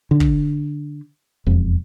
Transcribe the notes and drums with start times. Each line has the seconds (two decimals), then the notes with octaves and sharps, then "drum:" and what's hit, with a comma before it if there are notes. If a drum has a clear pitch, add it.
0.11 D3
0.20 drum: kick
1.46 E1 F2